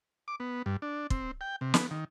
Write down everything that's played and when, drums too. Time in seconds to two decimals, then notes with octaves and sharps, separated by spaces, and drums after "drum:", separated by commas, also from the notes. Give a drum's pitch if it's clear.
0.28 D6
0.40 B3
0.66 G2
0.82 D4
1.10 C4, drum: kick
1.41 G5
1.61 C3
1.74 B3, drum: snare
1.91 D#3